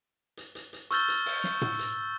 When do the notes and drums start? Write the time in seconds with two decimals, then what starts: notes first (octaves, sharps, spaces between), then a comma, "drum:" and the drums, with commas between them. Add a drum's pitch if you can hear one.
0.37 drum: hi-hat
0.55 drum: hi-hat
0.73 drum: hi-hat
0.91 C#6 E6 F6 G6 A6 G7, drum: hi-hat
1.08 drum: hi-hat
1.26 drum: open hi-hat
1.44 drum: snare
1.61 drum: tom
1.79 drum: hi-hat